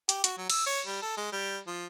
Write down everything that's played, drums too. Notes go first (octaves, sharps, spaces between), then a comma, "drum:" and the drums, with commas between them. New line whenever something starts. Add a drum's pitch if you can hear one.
G4, drum: hi-hat
F#4, drum: hi-hat
F#3
E6, drum: cymbal
C#5
G3
A4
G#3
G3
F3